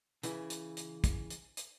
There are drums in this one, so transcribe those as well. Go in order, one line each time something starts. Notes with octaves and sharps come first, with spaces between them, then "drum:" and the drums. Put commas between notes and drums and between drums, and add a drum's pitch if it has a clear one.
C#3 E3, drum: hi-hat
drum: hi-hat
drum: hi-hat
drum: kick, hi-hat
drum: hi-hat
drum: hi-hat